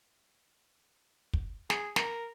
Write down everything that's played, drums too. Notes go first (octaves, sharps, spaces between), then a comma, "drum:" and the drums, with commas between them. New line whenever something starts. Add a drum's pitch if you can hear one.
drum: kick
G#4, drum: snare
A#4, drum: snare